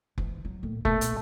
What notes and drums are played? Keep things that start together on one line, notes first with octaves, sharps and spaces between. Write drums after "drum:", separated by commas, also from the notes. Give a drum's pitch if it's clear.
G#2 E3, drum: kick F1
F#3
A#1 A2
B1 A#2 A3, drum: kick F1
drum: hi-hat